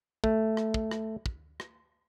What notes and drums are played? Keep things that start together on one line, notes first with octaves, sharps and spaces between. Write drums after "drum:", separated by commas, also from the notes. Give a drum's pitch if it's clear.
A3, drum: kick
drum: rim click
drum: kick
drum: rim click
drum: kick
drum: rim click